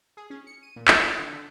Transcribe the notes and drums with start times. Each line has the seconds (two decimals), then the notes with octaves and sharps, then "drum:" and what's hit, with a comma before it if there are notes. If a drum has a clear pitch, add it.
0.17 G#4
0.30 C#4
0.47 C#7
0.63 D#7
0.76 A#2
0.88 A#4, drum: clap
1.01 F4
1.19 D3
1.33 D3